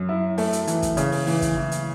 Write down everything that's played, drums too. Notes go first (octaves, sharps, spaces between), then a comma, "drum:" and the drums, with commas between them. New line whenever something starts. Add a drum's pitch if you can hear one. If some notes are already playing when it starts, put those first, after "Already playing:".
Already playing: F#2
E4
A3, drum: open hi-hat
drum: hi-hat
E3, drum: hi-hat
drum: kick, hi-hat
C#3, drum: hi-hat
drum: open hi-hat
E3, drum: open hi-hat
drum: kick, hi-hat
E3
drum: hi-hat